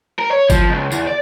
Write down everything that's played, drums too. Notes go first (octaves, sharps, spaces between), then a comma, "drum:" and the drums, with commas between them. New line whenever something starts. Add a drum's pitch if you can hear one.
A#4
C#5
F3, drum: kick G1, tambourine
C#2
E2, drum: tambourine
D5